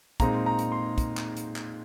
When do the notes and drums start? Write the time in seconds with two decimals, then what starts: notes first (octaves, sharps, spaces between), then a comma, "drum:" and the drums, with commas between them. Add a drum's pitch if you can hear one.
0.20 A#2 G#3 C4 D#4 A#5, drum: kick, hi-hat
0.46 A#5
0.59 drum: hi-hat
0.72 C6
0.98 drum: kick, hi-hat
1.17 drum: clap
1.37 drum: hi-hat
1.56 drum: clap